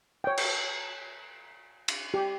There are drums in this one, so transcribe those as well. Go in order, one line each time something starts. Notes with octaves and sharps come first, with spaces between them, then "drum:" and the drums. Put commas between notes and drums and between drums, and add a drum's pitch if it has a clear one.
C#5 G5
drum: cymbal
drum: cymbal
G4